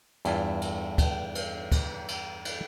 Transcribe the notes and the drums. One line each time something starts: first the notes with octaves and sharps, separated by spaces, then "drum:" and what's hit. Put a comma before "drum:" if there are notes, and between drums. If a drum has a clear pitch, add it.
E2 G2 E4 F4, drum: cymbal
drum: cymbal
drum: kick, cymbal
drum: cymbal
drum: kick, cymbal
drum: cymbal
drum: cymbal